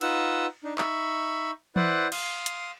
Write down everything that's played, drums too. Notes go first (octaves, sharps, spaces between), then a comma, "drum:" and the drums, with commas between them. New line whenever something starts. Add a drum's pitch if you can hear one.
D#4 F4 B4 F#5 E6, drum: cymbal
D4 D#4
D#4 E5 B5 C#6, drum: clap
E4 B4 C5 D5 F#5, drum: tom E3
F5 C6 D#6, drum: cymbal
drum: hi-hat